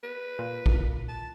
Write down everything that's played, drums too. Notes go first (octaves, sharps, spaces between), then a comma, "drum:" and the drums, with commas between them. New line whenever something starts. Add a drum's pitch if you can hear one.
B4
A#2
drum: kick
A5